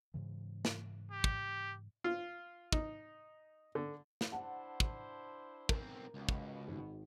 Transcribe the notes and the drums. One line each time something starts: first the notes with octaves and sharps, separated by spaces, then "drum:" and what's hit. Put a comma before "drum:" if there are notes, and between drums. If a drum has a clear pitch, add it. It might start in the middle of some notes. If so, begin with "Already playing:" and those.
G#2 C#3 E3
drum: snare
G4
drum: kick
F4
D#4, drum: kick
D3
drum: snare
D4 E4 C5 F#5 A5
drum: kick
B1 C4 A#4, drum: kick
C#2 B2
drum: kick
G#1